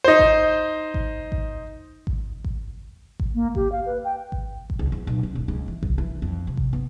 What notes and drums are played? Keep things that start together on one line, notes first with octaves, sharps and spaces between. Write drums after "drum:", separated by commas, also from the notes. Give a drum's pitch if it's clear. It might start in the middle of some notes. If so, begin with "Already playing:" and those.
D#4 C5
drum: kick G#1
drum: kick G#1
drum: kick G#1
drum: kick G#1
drum: kick G#1
drum: kick G#1
A#3
G4, drum: kick G#1
F5
B4
G5
drum: kick G#1
drum: kick G#1
C#2
E2
B1
C#4
D#1
C#2
E3
C2, drum: kick G#1
E3
F2
C3
drum: kick G#1
B3